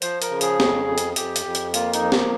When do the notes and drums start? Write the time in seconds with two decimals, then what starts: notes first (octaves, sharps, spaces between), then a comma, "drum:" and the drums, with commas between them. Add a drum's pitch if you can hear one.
0.02 F3 C5, drum: hi-hat
0.22 A#4, drum: hi-hat
0.31 C#3
0.41 G#4, drum: hi-hat
0.60 F2, drum: snare
0.87 F2
0.98 drum: hi-hat
1.16 F2 G4, drum: hi-hat
1.36 drum: hi-hat
1.45 F2
1.55 drum: hi-hat
1.74 A#3 F4, drum: hi-hat
1.94 D#4, drum: hi-hat
2.03 F3
2.12 drum: snare